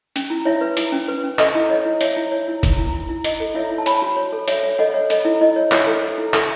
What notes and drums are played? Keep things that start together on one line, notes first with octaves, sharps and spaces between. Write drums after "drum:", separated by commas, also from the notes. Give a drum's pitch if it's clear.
C#4, drum: hi-hat
E4
E4 C#5 E5
B4
E4, drum: hi-hat
C#4
B4
C#4
A4 D#5, drum: clap
E4
C#5 D#5
E4
C#5 E5, drum: hi-hat
E4
C#5
E4
E4, drum: kick F1, hi-hat
E4
E4
E4
E4 D#5, drum: hi-hat
A4
E4 C#5 E5
E4
A5
C#5 G#5 B5, drum: hi-hat
F#4
C#5
A4
C#5 E5, drum: hi-hat
C#5
A4 D#5 F#5
C#5
A4 D#5, drum: hi-hat
E4
E4 D#5
C#5
E4 C#5 E5, drum: clap
A4
A4
E4
A4, drum: clap